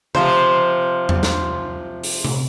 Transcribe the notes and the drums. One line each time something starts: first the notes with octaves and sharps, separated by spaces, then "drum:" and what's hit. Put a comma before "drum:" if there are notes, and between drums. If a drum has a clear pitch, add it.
C3 F3 C5, drum: tom C#3
drum: tom E2
drum: snare
drum: open hi-hat
drum: tom C3